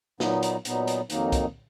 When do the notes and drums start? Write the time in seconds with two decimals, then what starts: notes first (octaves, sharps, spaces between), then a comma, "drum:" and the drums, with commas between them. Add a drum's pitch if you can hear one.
0.20 A#2 F#3 B3 D#4, drum: snare
0.43 drum: hi-hat
0.65 A#2 F#3 B3 D#4, drum: hi-hat
0.87 drum: hi-hat
1.10 F2 D#3 F#3 A#3 D#4, drum: hi-hat
1.32 drum: kick C2, hi-hat